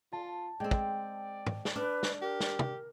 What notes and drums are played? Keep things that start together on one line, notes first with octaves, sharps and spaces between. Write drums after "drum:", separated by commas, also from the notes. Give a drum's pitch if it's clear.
F4 A5
G#3 C4 D5 G5
drum: kick
drum: tom
drum: snare
D4 B4 D6 F6 F#6
drum: snare
G4 A#4
drum: snare
drum: tom